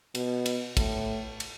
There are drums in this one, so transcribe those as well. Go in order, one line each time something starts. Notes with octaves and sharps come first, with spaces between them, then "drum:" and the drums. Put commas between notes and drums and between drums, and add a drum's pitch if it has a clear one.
B2, drum: cymbal
drum: cymbal
A2, drum: kick, cymbal
drum: cymbal